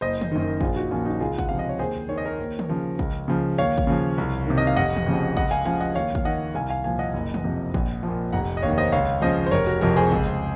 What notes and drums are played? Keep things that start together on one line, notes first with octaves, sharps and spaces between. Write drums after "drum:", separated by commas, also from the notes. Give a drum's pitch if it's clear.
F#1 C5 D#5
drum: tom
F#2 D#3
A#1 F4 G#4, drum: kick
D#4 F#4
A#2 F3 C#4 F4
D#4 F#4
C#2 F4 G#4
F#5, drum: kick
C3 F3 F5
D#5
C#5
D#2 G#4 C5
D#3 C#5
D#5
A#4 C#5
D#2
drum: tom
C#3 F3
C#2, drum: kick
C#3 F3
D#2 C#5 F5
drum: kick
C#3 F3
C2
C3 D#3
D#5
F5
F1 D#5 F#5
drum: tom
F2 C#3 F3
C#2 D#5 F#5, drum: kick
F5 G#5
C#3 F3 F5 G#5
D#5 F#5
D#2 C#5 F5
F5, drum: kick
D#3 D#5 F#5
C2 F5 G#5
F5 G#5
A#2 F3 F5 G#5
D#5 F#5
F#1
drum: tom
F2 C3 F3
A#1, drum: kick
F3
A#2
F1 F#5 A#5
D#5
D#2 D#3 C#5 F5
C5 D#5
C#2 C#5 F5
C#3 F3 C5 D#5
C5
F1 A#4 C#5
F#4 A#4
F2 C3 F3 F#4 A#4
G#4 C5
C#2, drum: kick